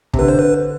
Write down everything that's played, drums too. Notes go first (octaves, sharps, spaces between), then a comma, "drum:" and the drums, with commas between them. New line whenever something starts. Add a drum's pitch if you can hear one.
C3, drum: kick
D3 B4
C5
B4